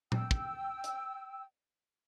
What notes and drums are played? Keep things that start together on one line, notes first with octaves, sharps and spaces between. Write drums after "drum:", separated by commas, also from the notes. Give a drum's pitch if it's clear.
G5 E6, drum: tom A#2
drum: kick
drum: hi-hat